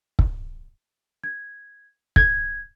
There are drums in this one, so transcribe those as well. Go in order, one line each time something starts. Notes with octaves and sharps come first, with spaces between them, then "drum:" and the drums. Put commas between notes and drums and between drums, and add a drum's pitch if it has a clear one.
drum: kick
G#6
G#6, drum: kick